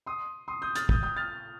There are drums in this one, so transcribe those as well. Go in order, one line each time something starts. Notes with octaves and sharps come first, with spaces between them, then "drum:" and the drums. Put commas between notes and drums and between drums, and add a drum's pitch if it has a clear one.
C6 D#6
C6 D#6
D#6 G6
F6 A6, drum: hi-hat
D#6 G6, drum: kick
D#6 G6
F6 A6